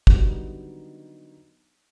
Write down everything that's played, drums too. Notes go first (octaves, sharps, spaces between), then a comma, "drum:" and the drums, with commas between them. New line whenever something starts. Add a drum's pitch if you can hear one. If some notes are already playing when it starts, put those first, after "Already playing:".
D3 D#3 F#3 G3 B3 D#4, drum: kick